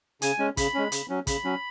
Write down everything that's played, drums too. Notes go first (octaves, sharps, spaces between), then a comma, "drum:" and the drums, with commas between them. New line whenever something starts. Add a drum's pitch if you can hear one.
C#3 G#5, drum: hi-hat
G#3 C#4
C#3 B5, drum: kick, hi-hat
G#3 C#4
C#3, drum: hi-hat
F#3 C#4
C#3 B5, drum: kick, hi-hat
F#3 C#4